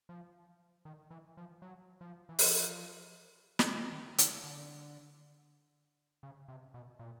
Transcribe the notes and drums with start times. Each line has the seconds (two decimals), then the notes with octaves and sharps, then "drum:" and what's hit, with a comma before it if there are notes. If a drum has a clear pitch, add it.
0.09 F3
0.85 D#3
1.11 E3
1.37 F3
1.62 F#3
2.01 F3
2.29 E3
2.39 F3, drum: open hi-hat
3.59 drum: snare
3.93 D#3
4.18 D3, drum: hi-hat
4.44 D3
6.23 C#3
6.48 C3
6.74 B2
6.99 A#2